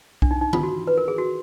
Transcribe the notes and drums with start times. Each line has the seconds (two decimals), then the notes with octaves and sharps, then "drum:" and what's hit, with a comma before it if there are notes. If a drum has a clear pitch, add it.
0.22 D4, drum: kick B1
0.31 D#4
0.41 D#4
0.53 F4, drum: tom D#3
0.63 F#4
0.87 B4
0.98 A#4
1.08 G#4
1.18 F#4